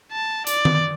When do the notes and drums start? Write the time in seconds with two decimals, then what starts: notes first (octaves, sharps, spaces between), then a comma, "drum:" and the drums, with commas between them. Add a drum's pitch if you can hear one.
0.12 A5
0.47 D5, drum: hi-hat
0.65 drum: tom D#3